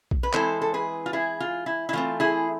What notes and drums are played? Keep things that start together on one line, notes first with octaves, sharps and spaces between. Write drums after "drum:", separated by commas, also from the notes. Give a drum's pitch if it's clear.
drum: kick A#1
B4
E3 G#3 C4 E4 A4 C5, drum: clap
A4
G#4 B4
F4
E4 G#4
F4
E4
E4
E3 A3 C4 F4
E4 G#4